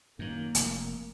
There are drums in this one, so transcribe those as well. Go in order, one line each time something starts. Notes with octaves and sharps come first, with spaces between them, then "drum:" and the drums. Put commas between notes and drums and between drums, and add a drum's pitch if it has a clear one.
F#2 D#3 A#3
F1, drum: hi-hat